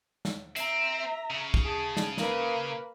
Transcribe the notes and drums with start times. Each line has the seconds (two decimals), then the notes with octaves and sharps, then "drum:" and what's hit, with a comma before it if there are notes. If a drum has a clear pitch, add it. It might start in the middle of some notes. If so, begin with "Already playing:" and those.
0.25 drum: snare
0.56 C4 E5 A#5, drum: hi-hat
1.30 C#3
1.54 drum: kick
1.64 G#4 A5
1.97 drum: snare
2.18 A#3 B4, drum: snare